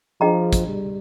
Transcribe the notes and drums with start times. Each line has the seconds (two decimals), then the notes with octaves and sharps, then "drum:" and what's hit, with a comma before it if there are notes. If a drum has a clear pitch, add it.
0.21 F3 D4 G#4 D#5 G5 A#5
0.53 drum: kick, hi-hat
0.68 G3